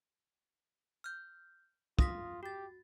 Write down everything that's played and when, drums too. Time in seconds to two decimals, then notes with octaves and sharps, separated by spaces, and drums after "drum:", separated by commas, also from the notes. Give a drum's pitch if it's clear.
1.04 F6 G6
1.99 F4 D#6 A#6 B6, drum: kick
2.43 F#4 G4 A6